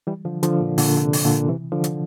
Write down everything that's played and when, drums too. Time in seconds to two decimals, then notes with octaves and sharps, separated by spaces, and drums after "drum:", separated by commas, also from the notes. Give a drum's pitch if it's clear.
0.07 E3 G3
0.25 D3 F3
0.43 D3 F3, drum: hi-hat
0.61 A#2
0.78 A#2 D3, drum: open hi-hat
0.97 D3
1.02 C3
1.13 drum: open hi-hat
1.25 A#2 D3
1.48 C3 E3
1.72 D3 F3
1.84 drum: hi-hat